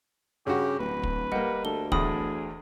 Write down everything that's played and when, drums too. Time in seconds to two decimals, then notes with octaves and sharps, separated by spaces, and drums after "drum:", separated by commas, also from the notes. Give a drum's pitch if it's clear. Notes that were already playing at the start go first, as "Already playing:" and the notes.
0.46 G2 C#3 F#4 G4
0.79 D1 B4
1.03 drum: kick
1.32 G3 A#3 D#5 F#5
1.65 D2 A4 G7
1.92 E2 A2 D3 G#4 B5 D#6, drum: kick